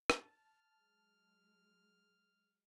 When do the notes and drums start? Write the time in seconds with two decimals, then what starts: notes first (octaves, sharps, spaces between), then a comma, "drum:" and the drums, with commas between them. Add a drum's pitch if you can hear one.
0.10 drum: rim click
0.20 A5 F6 A6
0.76 F#3 G#3